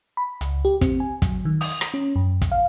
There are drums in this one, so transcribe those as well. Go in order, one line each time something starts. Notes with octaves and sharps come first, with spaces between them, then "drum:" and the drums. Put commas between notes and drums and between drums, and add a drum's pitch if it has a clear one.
B5
C#2, drum: hi-hat
G4
C4, drum: kick, hi-hat
G#5
F#3, drum: kick, hi-hat
D#3
D#6, drum: open hi-hat
drum: rim click
C#4
F#2
drum: kick, hi-hat
F5